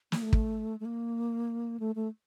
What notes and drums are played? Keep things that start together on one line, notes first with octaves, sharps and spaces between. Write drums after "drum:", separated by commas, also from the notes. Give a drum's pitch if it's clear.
A#3, drum: snare
A3
drum: kick
A3
A#3
A3
A3